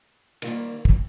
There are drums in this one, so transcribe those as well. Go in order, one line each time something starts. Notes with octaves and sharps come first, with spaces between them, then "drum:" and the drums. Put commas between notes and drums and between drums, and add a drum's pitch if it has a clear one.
D#3 G3 A#3 F4, drum: cymbal
drum: kick